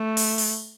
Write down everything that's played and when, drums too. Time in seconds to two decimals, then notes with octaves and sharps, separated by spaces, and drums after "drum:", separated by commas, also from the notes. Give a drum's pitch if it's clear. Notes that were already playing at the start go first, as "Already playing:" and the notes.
Already playing: A3
0.17 drum: open hi-hat
0.38 drum: open hi-hat